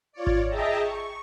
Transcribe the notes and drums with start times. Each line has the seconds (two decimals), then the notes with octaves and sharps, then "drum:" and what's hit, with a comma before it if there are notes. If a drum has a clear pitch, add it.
0.12 F4 C#5 D5
0.27 drum: kick G#1
0.48 G#4 D#5 E5 G5 A5 A#5
0.81 C#6